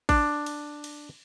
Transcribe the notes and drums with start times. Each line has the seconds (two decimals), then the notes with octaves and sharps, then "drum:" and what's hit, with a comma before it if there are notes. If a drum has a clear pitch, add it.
0.09 D4, drum: kick, cymbal
0.46 drum: cymbal
0.84 drum: cymbal